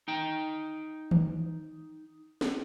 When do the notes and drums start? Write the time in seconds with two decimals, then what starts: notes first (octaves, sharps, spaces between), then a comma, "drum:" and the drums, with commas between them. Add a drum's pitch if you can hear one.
0.08 D#4 G5
1.11 drum: tom D#3
2.41 drum: snare